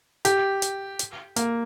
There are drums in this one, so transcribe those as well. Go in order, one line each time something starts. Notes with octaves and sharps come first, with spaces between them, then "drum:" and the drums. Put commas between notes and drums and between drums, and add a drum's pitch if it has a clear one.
G4, drum: hi-hat
drum: hi-hat
drum: hi-hat
A#3, drum: hi-hat